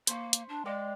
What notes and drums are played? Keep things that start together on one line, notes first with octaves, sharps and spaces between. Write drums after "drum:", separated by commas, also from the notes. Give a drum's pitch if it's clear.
A#3 C5 B5 C#6, drum: hi-hat
drum: hi-hat
D4
G#3 D5 F5 G5